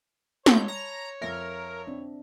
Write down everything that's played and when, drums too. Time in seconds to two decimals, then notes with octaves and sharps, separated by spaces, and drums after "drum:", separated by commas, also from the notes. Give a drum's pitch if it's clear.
0.46 C#5 A5 B5 C6 G6, drum: snare
0.68 A#5
1.22 F2 F4 A#4 E5 A#6
1.87 C4 D4